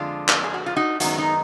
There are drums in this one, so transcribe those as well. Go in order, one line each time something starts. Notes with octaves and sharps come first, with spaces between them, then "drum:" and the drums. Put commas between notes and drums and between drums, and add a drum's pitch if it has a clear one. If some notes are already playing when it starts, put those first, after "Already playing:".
Already playing: F2 D3 F3 G#3 D4 F4
drum: clap
G#4
F#4
F4
D#4 F#4
F#2 D#3 G#3 B3 D#4 F#4, drum: hi-hat
D#4